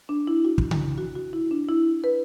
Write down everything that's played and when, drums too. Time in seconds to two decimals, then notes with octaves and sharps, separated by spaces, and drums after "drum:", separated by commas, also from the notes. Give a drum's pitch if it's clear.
0.09 D4
0.27 E4
0.44 F#4
0.58 drum: kick
0.71 drum: tom C#3
0.98 F#4
1.15 F#4
1.33 E4
1.51 D4
1.69 E4
2.04 B4